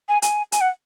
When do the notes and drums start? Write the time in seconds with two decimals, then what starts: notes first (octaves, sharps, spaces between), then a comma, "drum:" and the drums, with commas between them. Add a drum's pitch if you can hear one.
0.09 G#5
0.22 G#5, drum: hi-hat
0.52 G#5, drum: hi-hat
0.61 F#5